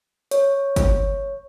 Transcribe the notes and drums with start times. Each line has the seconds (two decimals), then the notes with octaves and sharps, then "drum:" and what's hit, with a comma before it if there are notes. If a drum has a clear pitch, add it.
0.31 C#5, drum: hi-hat
0.76 drum: kick, hi-hat